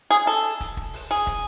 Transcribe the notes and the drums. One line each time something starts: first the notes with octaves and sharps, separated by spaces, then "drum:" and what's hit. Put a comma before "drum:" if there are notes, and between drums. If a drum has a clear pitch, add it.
G#4
A4
drum: kick, hi-hat
drum: kick
drum: open hi-hat
G#4
drum: kick, hi-hat